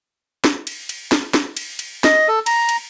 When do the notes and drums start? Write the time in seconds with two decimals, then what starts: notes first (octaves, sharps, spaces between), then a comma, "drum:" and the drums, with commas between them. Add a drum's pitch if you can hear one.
0.44 drum: snare
0.67 drum: cymbal
0.89 drum: cymbal
1.12 drum: snare
1.34 drum: snare
1.57 drum: cymbal
1.79 drum: cymbal
2.04 D#5, drum: snare
2.28 A4
2.46 A#5, drum: cymbal
2.69 drum: cymbal